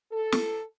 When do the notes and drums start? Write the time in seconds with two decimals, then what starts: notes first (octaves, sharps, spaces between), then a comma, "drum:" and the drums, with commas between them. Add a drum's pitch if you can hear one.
0.12 A4
0.32 drum: snare